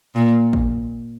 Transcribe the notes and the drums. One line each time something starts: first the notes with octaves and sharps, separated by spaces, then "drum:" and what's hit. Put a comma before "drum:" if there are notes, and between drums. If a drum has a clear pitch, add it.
A#2
drum: kick